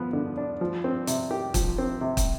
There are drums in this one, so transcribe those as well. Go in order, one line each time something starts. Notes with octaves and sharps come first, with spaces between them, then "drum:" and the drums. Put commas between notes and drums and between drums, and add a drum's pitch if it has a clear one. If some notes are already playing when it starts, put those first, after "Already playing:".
Already playing: F3 B3
D3
D4
F3
C4
C3, drum: hi-hat
G4
F3, drum: kick, hi-hat
C4
C3
drum: kick, hi-hat